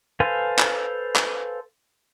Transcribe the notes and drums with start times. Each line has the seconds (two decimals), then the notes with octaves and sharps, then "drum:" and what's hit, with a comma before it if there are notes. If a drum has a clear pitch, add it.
0.20 A4 B4 C5 F5 G#5
0.59 drum: clap
1.16 drum: clap